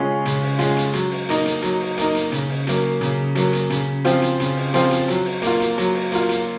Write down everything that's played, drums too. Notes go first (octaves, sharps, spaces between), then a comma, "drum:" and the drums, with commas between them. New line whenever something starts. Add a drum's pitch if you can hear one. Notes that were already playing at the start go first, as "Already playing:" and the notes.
Already playing: C#3 G#3 C#4 F4
C#3, drum: hi-hat
drum: open hi-hat
G#3 C#4 F4, drum: hi-hat
drum: hi-hat
F#3, drum: hi-hat
drum: open hi-hat
A#3 D#4, drum: hi-hat
drum: hi-hat
F#3, drum: hi-hat
drum: open hi-hat
A#3 D#4, drum: hi-hat
drum: hi-hat
C#3, drum: hi-hat
drum: open hi-hat
F#3 A#3, drum: hi-hat
C#3, drum: hi-hat
F#3 A#3, drum: hi-hat
drum: hi-hat
C#3, drum: hi-hat
F3 C4 F4, drum: hi-hat
drum: hi-hat
C#3, drum: hi-hat
drum: open hi-hat
F3 C4 F4, drum: hi-hat
drum: hi-hat
F#3, drum: hi-hat
drum: open hi-hat
A#3 F4, drum: hi-hat
drum: hi-hat
F#3, drum: hi-hat
drum: open hi-hat
A#3 F4, drum: hi-hat
drum: hi-hat